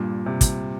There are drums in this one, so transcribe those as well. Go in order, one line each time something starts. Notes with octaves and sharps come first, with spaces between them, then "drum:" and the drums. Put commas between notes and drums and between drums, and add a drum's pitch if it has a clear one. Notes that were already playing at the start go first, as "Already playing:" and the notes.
Already playing: G2 A#2
C3
drum: kick, hi-hat